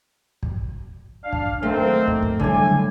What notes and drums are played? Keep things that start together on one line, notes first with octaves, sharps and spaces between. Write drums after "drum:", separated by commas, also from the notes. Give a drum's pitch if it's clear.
drum: kick
D4 F5
drum: kick
D#3 A3 A#3 C4
drum: kick
drum: kick
A2 D3 G3 G#5